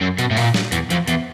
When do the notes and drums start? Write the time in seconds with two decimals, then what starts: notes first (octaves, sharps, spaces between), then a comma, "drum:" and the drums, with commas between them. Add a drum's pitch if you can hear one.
0.01 F#2
0.18 B2, drum: hi-hat
0.31 A2
0.37 A#2, drum: open hi-hat
0.54 drum: snare
0.72 E2, drum: hi-hat
0.90 F2, drum: hi-hat
1.08 E2, drum: hi-hat